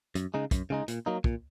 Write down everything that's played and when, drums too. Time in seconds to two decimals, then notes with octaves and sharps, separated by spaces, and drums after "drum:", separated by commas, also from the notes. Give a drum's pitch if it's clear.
0.15 F#2, drum: hi-hat
0.34 C#3 G#3 D#4
0.51 F#2, drum: kick, hi-hat
0.70 C#3 G#3 D#4
0.88 A#2, drum: hi-hat
1.06 F#3 A#3 D#4
1.24 A#2, drum: kick